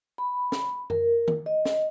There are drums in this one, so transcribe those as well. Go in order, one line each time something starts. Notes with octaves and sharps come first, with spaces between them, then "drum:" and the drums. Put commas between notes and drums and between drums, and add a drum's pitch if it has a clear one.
B5
drum: snare
A#4, drum: tom F#2
drum: tom D#3
D#5
drum: snare